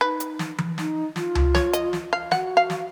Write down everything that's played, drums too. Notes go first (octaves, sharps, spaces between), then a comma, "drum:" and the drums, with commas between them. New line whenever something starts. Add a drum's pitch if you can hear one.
D#4 B4
drum: hi-hat
drum: snare
drum: tom E3
D#4, drum: snare
F4, drum: snare
drum: tom C#2
C#5, drum: snare
D#5, drum: hi-hat
drum: snare
F5
F#4 F#5, drum: snare
F5
drum: snare